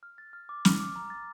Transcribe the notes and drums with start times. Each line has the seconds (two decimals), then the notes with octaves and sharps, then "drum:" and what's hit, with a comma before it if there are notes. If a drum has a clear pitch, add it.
0.03 F6
0.18 A6
0.33 F6
0.49 D6
0.65 F6, drum: snare
0.80 D6
0.96 A#5
1.10 A6